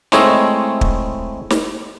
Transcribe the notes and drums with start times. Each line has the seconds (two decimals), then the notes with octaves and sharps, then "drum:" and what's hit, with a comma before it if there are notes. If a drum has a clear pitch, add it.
0.12 G#3 A3 C4 E4 C#5 D#5, drum: snare
0.81 drum: kick
1.50 drum: snare